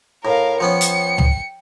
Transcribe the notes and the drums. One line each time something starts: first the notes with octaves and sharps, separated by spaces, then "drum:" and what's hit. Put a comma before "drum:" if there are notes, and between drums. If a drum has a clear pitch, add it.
A2 A#4 F5
F3 B3 C#4 G5 C#7
drum: hi-hat
drum: tom C#2